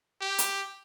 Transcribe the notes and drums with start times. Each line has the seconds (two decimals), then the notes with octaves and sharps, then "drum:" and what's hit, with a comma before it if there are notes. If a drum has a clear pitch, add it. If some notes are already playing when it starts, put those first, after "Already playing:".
0.21 G4
0.38 drum: hi-hat